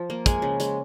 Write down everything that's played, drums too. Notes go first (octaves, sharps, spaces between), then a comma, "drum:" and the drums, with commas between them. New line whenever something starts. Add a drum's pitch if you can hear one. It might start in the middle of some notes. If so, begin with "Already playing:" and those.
Already playing: F3
A#3
G#3 G#5, drum: kick, hi-hat
C#3
G#3, drum: hi-hat